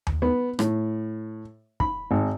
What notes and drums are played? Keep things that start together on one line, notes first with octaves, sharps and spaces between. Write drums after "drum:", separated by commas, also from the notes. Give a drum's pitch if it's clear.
drum: tom D#2
B3
A2, drum: rim click
B5, drum: kick
G#1